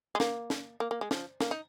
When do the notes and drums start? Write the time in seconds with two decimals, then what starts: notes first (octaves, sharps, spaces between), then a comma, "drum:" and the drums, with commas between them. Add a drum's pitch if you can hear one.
0.15 G#3
0.20 A#3, drum: snare
0.50 drum: snare
0.80 A#3
0.91 A#3
1.01 G#3
1.11 F3, drum: snare
1.40 A#3, drum: snare
1.51 D#4